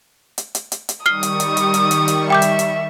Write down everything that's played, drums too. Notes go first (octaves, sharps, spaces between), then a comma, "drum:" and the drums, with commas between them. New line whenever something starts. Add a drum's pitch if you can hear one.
drum: hi-hat
drum: hi-hat
drum: hi-hat
drum: hi-hat
D#3 G3 C#6 D#6 F6 C7 G7
drum: hi-hat
drum: hi-hat
drum: hi-hat
drum: hi-hat
drum: hi-hat
drum: hi-hat
E5 G5 D6 G6
drum: hi-hat
drum: hi-hat